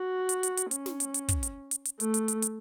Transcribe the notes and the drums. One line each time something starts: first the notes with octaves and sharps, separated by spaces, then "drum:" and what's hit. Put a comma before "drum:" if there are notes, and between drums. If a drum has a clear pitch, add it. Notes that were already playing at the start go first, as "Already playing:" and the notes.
Already playing: F#4
drum: hi-hat
drum: hi-hat
drum: hi-hat
C#4, drum: hi-hat
drum: snare
drum: hi-hat
drum: hi-hat
drum: kick, hi-hat
drum: hi-hat
drum: hi-hat
drum: hi-hat
A3, drum: hi-hat
drum: hi-hat
drum: hi-hat
drum: hi-hat